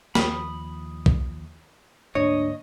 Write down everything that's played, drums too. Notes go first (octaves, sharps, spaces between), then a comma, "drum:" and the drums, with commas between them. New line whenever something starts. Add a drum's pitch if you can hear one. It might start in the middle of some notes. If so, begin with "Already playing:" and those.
D#2 F3 B5 D#6, drum: snare
drum: kick
D2 G#2 A#3 D4 C#5 D#5